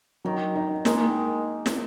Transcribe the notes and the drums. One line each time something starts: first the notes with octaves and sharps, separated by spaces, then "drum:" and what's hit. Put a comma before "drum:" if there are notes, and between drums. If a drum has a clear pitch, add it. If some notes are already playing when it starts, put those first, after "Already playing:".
D#3 F#3
D#4
G#3 A#3, drum: snare
D#3
drum: snare